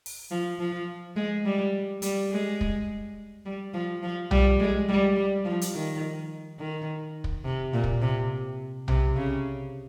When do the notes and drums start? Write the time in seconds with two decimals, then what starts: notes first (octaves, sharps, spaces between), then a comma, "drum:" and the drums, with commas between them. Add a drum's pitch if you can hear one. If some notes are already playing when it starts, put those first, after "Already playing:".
0.06 drum: open hi-hat
0.31 F3
0.59 F3
1.17 G#3
1.45 G3
2.02 G3, drum: hi-hat
2.31 G#3
2.61 drum: kick
3.45 G3
3.74 F3
4.03 F3
4.31 G3, drum: tom B1
4.60 G#3
4.88 G3
5.16 G3
5.45 F3
5.61 drum: hi-hat
5.74 D#3
6.59 D#3
7.24 drum: kick
7.44 C3
7.73 A#2
7.84 drum: kick
8.02 C3
8.88 C3, drum: tom B1
9.16 C#3